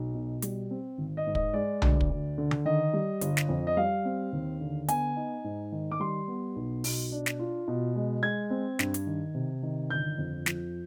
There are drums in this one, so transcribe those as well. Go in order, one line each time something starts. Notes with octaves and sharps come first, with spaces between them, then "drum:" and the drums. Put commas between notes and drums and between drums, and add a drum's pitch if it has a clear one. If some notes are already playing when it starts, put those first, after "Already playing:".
Already playing: B1
B2
G3, drum: hi-hat
C4
G#1
D#5
G#2
D#5, drum: kick
G#3 D5
D2, drum: tom B1
drum: kick
D2
D3
drum: tom D3
D#3 D#5
G3
G1, drum: hi-hat
drum: snare
F2
D#5
G3 F5
C4
D#2
D3
B3 G#5, drum: hi-hat
D#4
G#2
D#3
D6
G3 C6
B3
B1
B2, drum: open hi-hat
D4
drum: snare
F4
B2
G#3
G#3 G#6
C4
G2, drum: snare
drum: hi-hat
D#3
C3
D#3
G1 G6
F2
F3, drum: snare